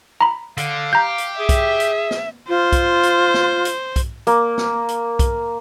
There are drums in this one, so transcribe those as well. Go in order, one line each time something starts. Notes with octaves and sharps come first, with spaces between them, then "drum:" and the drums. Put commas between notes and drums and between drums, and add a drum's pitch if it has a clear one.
A#5 B5
D3 F5, drum: hi-hat
G4 A#5 G6
drum: hi-hat
G#4 E5
drum: kick B1, hi-hat
drum: hi-hat
drum: snare
F4 C5
drum: kick B1, hi-hat
drum: hi-hat
drum: snare
drum: hi-hat
drum: kick B1, hi-hat
A#3, drum: hi-hat
drum: snare
drum: hi-hat
drum: kick B1, hi-hat